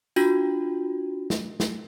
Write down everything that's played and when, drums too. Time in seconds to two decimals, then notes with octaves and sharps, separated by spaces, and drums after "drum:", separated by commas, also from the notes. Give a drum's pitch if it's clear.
0.16 D4 F4 F#4, drum: tambourine
1.30 drum: snare
1.60 drum: snare